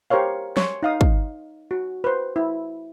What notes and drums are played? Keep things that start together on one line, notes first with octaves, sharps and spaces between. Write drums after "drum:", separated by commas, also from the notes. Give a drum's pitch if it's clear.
G4 A#4 C5 C#5 F5
C#5 C6, drum: snare
D#4 F5 D#6
drum: kick
F#4
B4 C5
E4